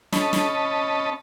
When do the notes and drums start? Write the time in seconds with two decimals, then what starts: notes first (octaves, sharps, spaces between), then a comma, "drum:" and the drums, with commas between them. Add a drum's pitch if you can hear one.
0.13 C#4 D#5 A5 B5, drum: snare
0.33 drum: snare